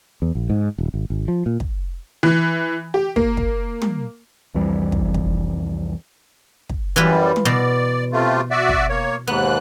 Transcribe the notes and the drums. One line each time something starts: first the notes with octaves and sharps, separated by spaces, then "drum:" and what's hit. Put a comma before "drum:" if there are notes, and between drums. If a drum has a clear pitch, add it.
E2
A#1
G#2
D#1
G#1
G#1
F3
A#2
drum: kick
E3
G4
A#3, drum: kick
drum: kick
drum: tom
C2 F2 E3 G3
drum: kick
drum: kick
drum: kick
F#2 E3 G3 F4 B4
drum: tom
B2 D5
C3 A3 F4
F#4 D5 E5
drum: kick
A#3 C#5
D#2 G#2 B3 F#6